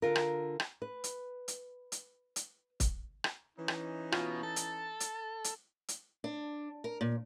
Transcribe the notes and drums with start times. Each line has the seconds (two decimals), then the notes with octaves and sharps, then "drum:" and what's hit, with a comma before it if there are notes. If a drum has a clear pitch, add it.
0.02 D3 F4 A#4
0.16 drum: rim click
0.60 drum: rim click
0.82 B4
1.04 drum: hi-hat
1.48 drum: hi-hat
1.92 drum: hi-hat
2.36 drum: hi-hat
2.80 drum: kick, hi-hat
3.24 drum: rim click
3.57 E3 C#4 D#4
3.68 drum: rim click
4.12 B2 F4, drum: rim click
4.43 A4 A6
4.56 drum: hi-hat
5.00 drum: hi-hat
5.44 drum: hi-hat
5.88 drum: hi-hat
6.24 D4
6.84 A#4
7.01 A#2